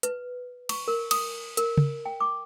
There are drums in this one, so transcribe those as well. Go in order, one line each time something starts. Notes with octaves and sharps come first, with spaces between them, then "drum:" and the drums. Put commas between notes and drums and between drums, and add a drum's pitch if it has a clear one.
B4, drum: hi-hat
C#6, drum: cymbal
A#4
D#6, drum: cymbal
A#4, drum: hi-hat
drum: tom C#3
G5
D6